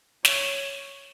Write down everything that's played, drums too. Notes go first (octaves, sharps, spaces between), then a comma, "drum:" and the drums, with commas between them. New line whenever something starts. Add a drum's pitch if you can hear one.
C#5, drum: snare